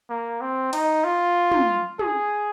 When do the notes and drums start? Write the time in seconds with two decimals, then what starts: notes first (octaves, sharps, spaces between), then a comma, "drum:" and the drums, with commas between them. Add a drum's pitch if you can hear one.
0.10 A#3
0.41 C4
0.73 D#4, drum: cymbal
1.04 F4
1.52 drum: tom
1.99 G#4, drum: tom